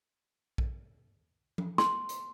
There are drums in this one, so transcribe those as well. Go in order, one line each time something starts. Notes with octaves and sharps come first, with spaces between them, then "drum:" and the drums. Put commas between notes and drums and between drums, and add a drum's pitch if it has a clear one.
drum: kick A#1
drum: tom F3
C6, drum: snare
drum: hi-hat